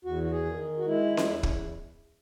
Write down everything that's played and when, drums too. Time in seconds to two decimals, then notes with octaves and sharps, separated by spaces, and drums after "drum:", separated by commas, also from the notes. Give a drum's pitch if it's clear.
0.05 E2 F#4
0.23 F#4
0.31 G#4
0.45 D#3
0.78 F#4
0.86 G#3 E4
1.17 drum: snare C#4
1.26 E2
1.43 drum: kick